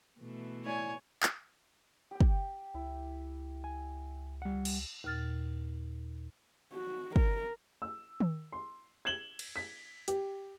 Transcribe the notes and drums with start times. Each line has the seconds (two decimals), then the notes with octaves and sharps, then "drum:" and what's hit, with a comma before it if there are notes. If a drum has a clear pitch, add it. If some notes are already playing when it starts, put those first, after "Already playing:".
0.19 B2 E3 A3
0.66 A2 E4 C#5 D5 G#5
1.23 drum: clap
2.11 G4 G5
2.21 drum: kick
2.74 C#2 E4
3.64 G#5
4.42 G3 F#5
4.65 drum: cymbal
5.04 D#2 A#2 F6 A6
6.73 F#4
7.16 A#4, drum: kick
7.82 E6
8.20 drum: tom D#3
8.52 C6
9.05 G#6 E7 F#7 G7
9.39 drum: cymbal
9.56 B6
10.08 G4, drum: hi-hat